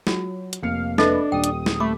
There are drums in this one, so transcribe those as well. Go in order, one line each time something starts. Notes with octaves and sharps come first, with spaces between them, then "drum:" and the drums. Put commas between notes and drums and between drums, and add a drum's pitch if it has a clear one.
F#3 F4, drum: snare
drum: hi-hat
F1 A#3 F5 C#7
D4 A4 B4 D#5 E5, drum: snare
D#1 G5 D#6
drum: hi-hat
drum: snare
A3 B5 D6